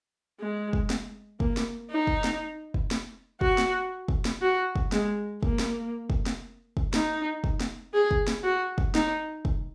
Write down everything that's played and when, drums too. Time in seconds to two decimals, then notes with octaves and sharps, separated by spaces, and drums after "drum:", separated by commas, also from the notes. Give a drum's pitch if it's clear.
0.40 G#3
0.73 drum: kick
0.90 drum: snare
1.40 A#3, drum: kick
1.57 drum: snare
1.91 D#4
2.07 drum: kick
2.24 drum: snare
2.74 drum: kick
2.91 drum: snare
3.41 F#4, drum: kick
3.58 drum: snare
4.08 drum: kick
4.25 drum: snare
4.42 F#4
4.76 drum: kick
4.92 G#3, drum: snare
5.43 A#3, drum: kick
5.59 drum: snare
6.10 drum: kick
6.26 drum: snare
6.77 drum: kick
6.94 D#4, drum: snare
7.44 drum: kick
7.60 drum: snare
7.94 G#4
8.11 drum: kick
8.28 drum: snare
8.44 F#4
8.78 drum: kick
8.95 D#4, drum: snare
9.45 drum: kick